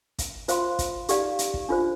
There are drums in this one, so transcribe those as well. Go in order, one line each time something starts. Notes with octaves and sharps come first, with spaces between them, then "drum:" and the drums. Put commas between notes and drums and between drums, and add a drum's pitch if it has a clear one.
drum: kick, hi-hat
F4 C5 F5 C6, drum: hi-hat
drum: kick, hi-hat
D#4 G4 D5 F5, drum: hi-hat
drum: hi-hat
drum: kick
D4 F4 C5